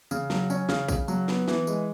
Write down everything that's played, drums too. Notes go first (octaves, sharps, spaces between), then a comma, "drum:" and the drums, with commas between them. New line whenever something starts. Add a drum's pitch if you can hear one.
C#3, drum: tambourine
F#3, drum: snare
C#4, drum: tambourine
C#3, drum: snare
C#3, drum: kick, tambourine
F#3, drum: tambourine
B3, drum: snare
E3, drum: snare
G#3, drum: tambourine